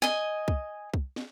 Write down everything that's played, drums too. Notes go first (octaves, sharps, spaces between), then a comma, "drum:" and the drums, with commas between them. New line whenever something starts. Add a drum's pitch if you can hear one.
D#5 G#5, drum: snare
drum: kick C2
drum: kick C2
drum: snare